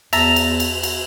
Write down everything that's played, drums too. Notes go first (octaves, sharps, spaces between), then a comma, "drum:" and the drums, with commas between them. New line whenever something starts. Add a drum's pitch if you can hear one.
E2 E5 A5 A#5 F7, drum: cymbal
drum: cymbal
drum: cymbal
drum: cymbal